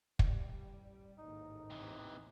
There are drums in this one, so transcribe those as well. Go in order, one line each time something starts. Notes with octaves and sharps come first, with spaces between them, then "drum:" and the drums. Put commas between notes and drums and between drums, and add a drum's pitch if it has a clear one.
A1 G3, drum: kick
A1 D#2 G#2 D#4
C3 E3